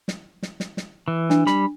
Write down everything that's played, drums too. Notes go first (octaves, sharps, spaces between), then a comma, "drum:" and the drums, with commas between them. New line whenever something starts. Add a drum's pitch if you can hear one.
drum: snare
drum: snare
drum: snare
drum: snare
E3
D4, drum: snare
G3 B5, drum: snare